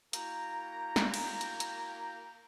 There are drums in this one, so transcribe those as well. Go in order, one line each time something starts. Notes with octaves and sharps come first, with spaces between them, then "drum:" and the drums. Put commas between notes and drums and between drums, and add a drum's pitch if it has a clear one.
A#3 E4 F#4 G5 A#5, drum: hi-hat
drum: snare
drum: cymbal
drum: hi-hat
drum: hi-hat